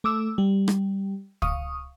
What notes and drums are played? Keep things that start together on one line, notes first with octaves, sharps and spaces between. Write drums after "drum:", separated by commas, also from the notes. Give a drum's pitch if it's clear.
A3 D6 E6
G3
drum: rim click
F5 C#6 D#6, drum: kick